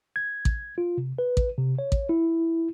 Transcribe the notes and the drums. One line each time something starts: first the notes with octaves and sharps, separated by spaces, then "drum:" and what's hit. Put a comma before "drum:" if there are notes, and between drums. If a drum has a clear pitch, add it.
G#6
drum: kick A1
F4
C3
B4
drum: kick A1
C3
C#5
drum: kick A1
E4